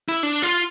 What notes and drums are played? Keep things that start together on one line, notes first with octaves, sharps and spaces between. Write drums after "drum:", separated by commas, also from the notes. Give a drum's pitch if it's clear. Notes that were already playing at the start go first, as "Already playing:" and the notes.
E4
D4
F4, drum: hi-hat